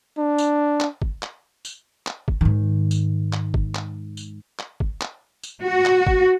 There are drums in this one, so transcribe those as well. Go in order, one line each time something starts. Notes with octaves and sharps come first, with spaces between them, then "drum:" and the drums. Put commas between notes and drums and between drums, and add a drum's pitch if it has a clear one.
D4
drum: tambourine
drum: clap
drum: kick
drum: clap
drum: tambourine
drum: clap
drum: kick
G#2 D#3
drum: tambourine
drum: clap
drum: kick
drum: clap
drum: tambourine
drum: clap
drum: kick
drum: clap
drum: tambourine
F#4
drum: clap
drum: kick